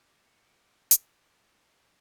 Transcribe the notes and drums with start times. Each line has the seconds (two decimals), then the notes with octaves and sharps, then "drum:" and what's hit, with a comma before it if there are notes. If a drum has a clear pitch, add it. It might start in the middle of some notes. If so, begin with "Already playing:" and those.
Already playing: D6 G6
0.09 A#6
0.26 C#7
0.44 D7
0.91 drum: hi-hat
1.33 C#6 E6 G6 C#7